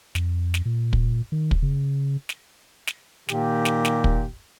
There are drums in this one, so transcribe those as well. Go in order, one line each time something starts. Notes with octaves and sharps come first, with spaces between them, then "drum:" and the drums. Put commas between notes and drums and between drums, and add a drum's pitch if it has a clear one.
F2, drum: snare
drum: snare
A#2
drum: kick
D#3
drum: kick
C#3
drum: snare
drum: snare
A#2 D#3 G4, drum: snare
drum: snare
drum: snare
drum: kick